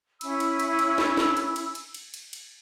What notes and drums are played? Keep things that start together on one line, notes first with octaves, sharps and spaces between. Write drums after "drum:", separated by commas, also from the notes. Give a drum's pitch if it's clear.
C#4 E4 B5 E6, drum: cymbal
drum: cymbal
drum: cymbal
drum: cymbal
drum: snare
drum: snare
drum: cymbal
drum: cymbal
drum: cymbal
drum: cymbal
drum: cymbal
drum: cymbal